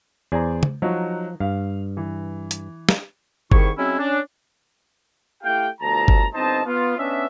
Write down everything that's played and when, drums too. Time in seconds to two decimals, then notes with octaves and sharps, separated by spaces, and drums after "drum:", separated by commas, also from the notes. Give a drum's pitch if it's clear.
0.32 E2 G#4 C5 D5 A#5
0.63 drum: tom
0.82 F3 F#3 D#4 F#4
1.40 G2 F5
1.97 E3
2.51 drum: hi-hat
2.89 drum: snare
3.52 C2 G#2 D#3 E4 C#6, drum: kick G1
3.78 F#3 G#3 C4 C#4 E4
3.99 C#4 D4
5.43 A3 E4 G4 F5 G5
5.81 G1 D2 F3 A5 A#5
6.08 drum: kick G1
6.33 G1 C4 D#4 C5 D#5 A5
6.65 B3 F4
6.97 B3 C#4 D4 D#5 E5